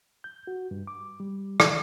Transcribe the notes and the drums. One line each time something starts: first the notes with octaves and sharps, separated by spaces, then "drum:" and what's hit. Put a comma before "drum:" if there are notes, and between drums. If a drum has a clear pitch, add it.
G6
F#4
G2
D6
G3
D#3, drum: rim click